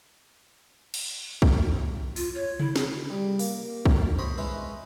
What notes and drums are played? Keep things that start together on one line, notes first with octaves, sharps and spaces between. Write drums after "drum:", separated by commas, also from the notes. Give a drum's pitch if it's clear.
drum: cymbal
drum: kick
F4, drum: open hi-hat
C#5
E4, drum: tom C3
G#4, drum: snare
G3
A#3, drum: open hi-hat
drum: kick
C5 C#5 D#5 B5
G#3 C#4 D#4 E4 B4